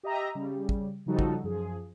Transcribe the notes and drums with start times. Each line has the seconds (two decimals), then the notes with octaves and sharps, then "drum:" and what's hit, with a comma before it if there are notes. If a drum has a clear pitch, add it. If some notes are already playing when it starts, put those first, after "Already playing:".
0.03 G4 D#5 E5 A#5
0.35 C#3 G3
0.69 drum: kick
1.06 C#3 F3 G3 D#4 F#4 A4
1.19 drum: kick
1.44 F#2 F3 G#4